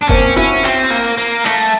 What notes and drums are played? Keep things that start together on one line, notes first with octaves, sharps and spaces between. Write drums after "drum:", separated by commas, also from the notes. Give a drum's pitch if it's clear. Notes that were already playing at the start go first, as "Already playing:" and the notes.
D4
A#3 C4 C#4, drum: kick F#1
C#4 E4 F#4
C4, drum: clap
A#3
A#3
A3, drum: clap